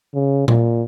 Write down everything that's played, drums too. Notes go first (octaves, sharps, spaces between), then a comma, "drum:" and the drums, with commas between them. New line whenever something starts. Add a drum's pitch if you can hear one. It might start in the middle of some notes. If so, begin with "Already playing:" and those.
C#3
A#2, drum: tom A#2